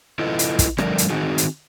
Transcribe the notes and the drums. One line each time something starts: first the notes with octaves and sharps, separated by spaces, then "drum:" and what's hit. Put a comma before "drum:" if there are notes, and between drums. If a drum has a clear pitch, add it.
E4 F4 A4 B4 D#5
drum: hi-hat
drum: kick, hi-hat
D3 F3 G3 A3 A#4 D5, drum: rim click
drum: hi-hat
D#3 C4 D#4 F#4 G#4
drum: hi-hat